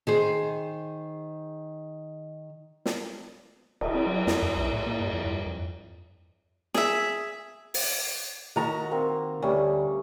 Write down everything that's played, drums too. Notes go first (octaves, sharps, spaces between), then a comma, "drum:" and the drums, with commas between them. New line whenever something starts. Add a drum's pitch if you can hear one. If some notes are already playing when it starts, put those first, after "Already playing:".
D#3 G#4 C5
drum: snare
D1, drum: cymbal
C4
F#3
F2, drum: snare
F#2
B1
A2
A#3
G2
F2
G2
F2
G#4 E5, drum: snare
drum: open hi-hat
D#3 F#4 A#5
A#3 C4
D2 G3 C#4